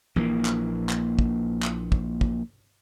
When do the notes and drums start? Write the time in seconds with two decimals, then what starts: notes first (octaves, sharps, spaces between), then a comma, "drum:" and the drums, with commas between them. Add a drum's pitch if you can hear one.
0.16 A#1 E3 A#3
0.45 drum: clap
0.89 drum: clap
1.19 drum: kick
1.63 drum: clap
1.92 drum: kick
2.21 drum: kick